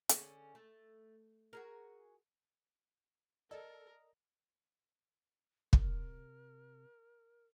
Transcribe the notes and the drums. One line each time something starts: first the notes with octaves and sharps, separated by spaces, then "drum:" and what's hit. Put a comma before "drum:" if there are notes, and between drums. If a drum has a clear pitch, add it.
D3 C#4 G#4, drum: hi-hat
A3
F#4 G#4 A#4
A4 A#4 D5 D#5
C3 A#4, drum: kick